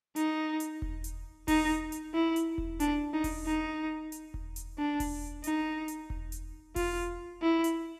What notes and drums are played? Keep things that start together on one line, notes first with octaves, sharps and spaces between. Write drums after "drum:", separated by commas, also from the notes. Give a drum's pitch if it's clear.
D#4, drum: hi-hat
drum: hi-hat
drum: kick E1
drum: hi-hat
D#4, drum: kick E1, open hi-hat
drum: hi-hat
E4
drum: hi-hat
drum: kick E1
D4, drum: hi-hat
D#4
drum: kick E1, open hi-hat
D#4
drum: hi-hat
drum: kick E1
drum: hi-hat
D4
drum: kick E1, open hi-hat
D#4, drum: hi-hat
drum: hi-hat
drum: kick E1
drum: hi-hat
F4, drum: kick E1, open hi-hat
E4
drum: hi-hat